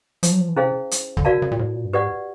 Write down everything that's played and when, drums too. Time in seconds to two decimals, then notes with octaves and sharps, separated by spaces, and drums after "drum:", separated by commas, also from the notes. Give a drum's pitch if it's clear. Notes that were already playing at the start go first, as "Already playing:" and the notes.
0.23 F3, drum: hi-hat
0.31 F#3
0.40 F3
0.48 E3
0.56 C3 C#4 E4 G#4 C5 F5
0.91 drum: hi-hat
1.17 D3, drum: kick
1.25 C#3 F#4 A#4 D5 F5 A5
1.42 C#3
1.51 A#2
1.59 A2
1.75 A#2
1.84 G2
1.93 G#2 G4 B4 D5 F#5